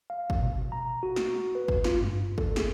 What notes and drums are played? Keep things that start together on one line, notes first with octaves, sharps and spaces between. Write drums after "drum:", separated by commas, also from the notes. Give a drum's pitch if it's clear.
F5
drum: kick
B2
A#5
F#4
drum: snare
B4
drum: kick
F4, drum: snare
G2
A4, drum: kick
G#4, drum: snare